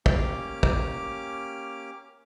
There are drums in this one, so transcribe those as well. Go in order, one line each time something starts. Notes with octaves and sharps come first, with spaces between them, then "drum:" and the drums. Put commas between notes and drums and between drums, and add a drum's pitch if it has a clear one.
A#3 C#4 G4 D6 F6, drum: kick
drum: kick